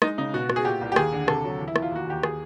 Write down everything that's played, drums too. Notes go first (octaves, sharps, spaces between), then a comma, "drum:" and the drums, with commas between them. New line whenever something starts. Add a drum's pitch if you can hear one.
G#3 D#4, drum: rim click
C#3 D#4
B2 F#4
B2, drum: rim click
G#4
A#2 G4
C2
G4
D#2 G#4, drum: rim click
D3
C3 A4, drum: rim click
F#3
E2
E4
E2, drum: rim click
F4
D#2 F#4
D#2 G4
G#4, drum: rim click